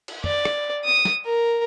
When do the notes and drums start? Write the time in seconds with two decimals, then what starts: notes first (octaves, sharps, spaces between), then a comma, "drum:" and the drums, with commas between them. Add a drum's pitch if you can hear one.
0.08 drum: cymbal
0.24 D5, drum: tom
0.45 drum: rim click
0.85 D#6
1.05 drum: snare
1.25 A#4